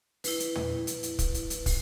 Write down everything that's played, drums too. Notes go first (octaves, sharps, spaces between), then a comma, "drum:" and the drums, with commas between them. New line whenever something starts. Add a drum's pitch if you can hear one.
E4 B4, drum: open hi-hat
drum: hi-hat
drum: tom
drum: hi-hat
drum: hi-hat
drum: kick, hi-hat
drum: hi-hat
drum: hi-hat
drum: kick, open hi-hat